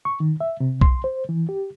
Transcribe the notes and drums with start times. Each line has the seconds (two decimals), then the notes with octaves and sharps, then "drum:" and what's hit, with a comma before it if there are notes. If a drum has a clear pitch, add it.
0.05 C#6
0.20 D#3
0.41 E5
0.60 C3
0.81 C6, drum: kick B1
1.04 C5
1.29 E3
1.49 G4